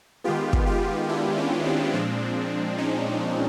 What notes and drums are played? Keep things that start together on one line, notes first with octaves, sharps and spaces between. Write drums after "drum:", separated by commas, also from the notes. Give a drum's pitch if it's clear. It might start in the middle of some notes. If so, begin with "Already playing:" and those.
D#3 G#3 B3 F4 G4
drum: kick
F4 G4
D4 E4
C#4
C4 D4
A#2 F3 G#3 C4 D4
C#4 D#4